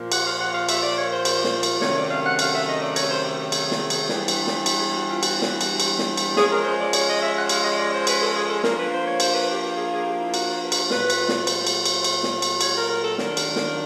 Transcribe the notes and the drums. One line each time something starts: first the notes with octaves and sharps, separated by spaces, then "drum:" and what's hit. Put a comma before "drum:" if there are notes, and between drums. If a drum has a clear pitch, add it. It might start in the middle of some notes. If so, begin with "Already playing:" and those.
Already playing: A#2 F3 A#3
F#5, drum: cymbal
F5
F#5
F5
E5, drum: cymbal
D5
C#5
C5
drum: cymbal
drum: snare
drum: cymbal
C3 D#3 F#3 A3 C#4 C#5, drum: snare
D5
F5
F#5
F5, drum: cymbal
E5
D#5
D5
C#5, drum: cymbal
C5
G4
G4
G#4, drum: cymbal
drum: snare
drum: cymbal
E3 G3 B3 D4, drum: snare
drum: cymbal
drum: snare
drum: cymbal
G#4
F#4
F4
F#4, drum: cymbal
drum: snare
drum: cymbal
drum: cymbal
drum: snare
drum: cymbal
F3 G#3 C#4 G#4, drum: snare
A#4
C5
D5
C#5, drum: cymbal
D#5
E5
F#5
F5, drum: cymbal
D#5
D5
C5
B4, drum: cymbal
A4
G#4
A4
F3 A#3 D4 A#4, drum: snare
B4
C5
C#5
C5, drum: cymbal
B4
G4
G4
G#4
G#4
G4
E4
F#4, drum: cymbal
B4
drum: cymbal
A#2 F#3 A3 B4, drum: snare
drum: cymbal
drum: snare
C5, drum: cymbal
drum: cymbal
drum: cymbal
drum: cymbal
drum: snare
drum: cymbal
C#5, drum: cymbal
A#4
A#4
A4
D#3 F#3 A#3 D4 A#4, drum: snare
drum: cymbal
drum: snare